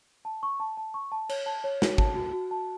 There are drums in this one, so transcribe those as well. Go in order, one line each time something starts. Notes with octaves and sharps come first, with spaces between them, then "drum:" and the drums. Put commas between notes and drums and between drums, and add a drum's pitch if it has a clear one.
A5
C#6
A5
A5
C#6
A5
C#5, drum: cymbal
A5
C#5
F#4, drum: snare
A5, drum: kick
F#4
F#4
A5